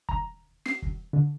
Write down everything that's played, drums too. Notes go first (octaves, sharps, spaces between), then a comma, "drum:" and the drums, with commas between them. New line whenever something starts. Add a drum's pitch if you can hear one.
A#5, drum: kick
C7, drum: snare
drum: kick
D3